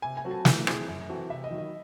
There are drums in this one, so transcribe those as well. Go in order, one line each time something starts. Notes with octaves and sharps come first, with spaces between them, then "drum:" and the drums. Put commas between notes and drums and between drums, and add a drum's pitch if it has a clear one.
C3 G#5
G#5
F#3 C4 F#4 A4
A5
E3 G#5, drum: snare
C4 E4 G#4 C5, drum: rim click
F#2
E3 C4 F#4 A4
C3 E5
D#5
D#3 F#3
D#5